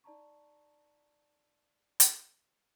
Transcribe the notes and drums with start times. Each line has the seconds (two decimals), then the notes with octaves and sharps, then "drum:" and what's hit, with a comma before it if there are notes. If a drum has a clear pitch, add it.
0.04 D#4 D5 A5 A#5 C#6
2.00 drum: hi-hat